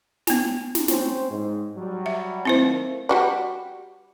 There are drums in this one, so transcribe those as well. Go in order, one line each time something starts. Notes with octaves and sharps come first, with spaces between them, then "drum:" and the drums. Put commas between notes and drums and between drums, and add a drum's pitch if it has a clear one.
B3 G#5, drum: snare
drum: snare
C4 C#4 C5, drum: snare
G#2
F#3 G3
E5
D#3 A3 A#3 C4 E4 C5
G3 F#4 D5